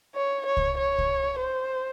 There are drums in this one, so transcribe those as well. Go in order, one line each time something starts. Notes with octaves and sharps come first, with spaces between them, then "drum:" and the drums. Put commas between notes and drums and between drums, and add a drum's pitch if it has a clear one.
C#5
C#5
drum: kick C2
C#5
drum: kick C2
C5